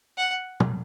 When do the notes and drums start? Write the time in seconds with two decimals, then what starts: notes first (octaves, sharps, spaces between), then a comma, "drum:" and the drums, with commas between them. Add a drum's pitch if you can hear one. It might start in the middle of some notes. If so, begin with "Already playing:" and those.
0.17 F#5
0.60 drum: tom